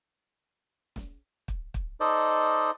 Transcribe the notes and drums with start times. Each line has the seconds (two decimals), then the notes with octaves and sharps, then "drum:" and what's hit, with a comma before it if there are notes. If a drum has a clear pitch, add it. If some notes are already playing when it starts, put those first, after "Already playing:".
0.96 drum: snare
1.48 drum: kick
1.74 drum: kick
2.00 D#4 A4 C5 D5 D#5